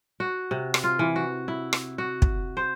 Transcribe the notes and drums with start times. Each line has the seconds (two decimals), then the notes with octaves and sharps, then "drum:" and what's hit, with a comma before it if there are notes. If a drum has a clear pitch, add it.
0.20 F#4
0.51 C3
0.74 drum: rim click
0.84 F4
0.99 E3
1.16 F#4
1.48 E4
1.73 drum: rim click
1.98 F#4
2.22 drum: kick
2.57 C5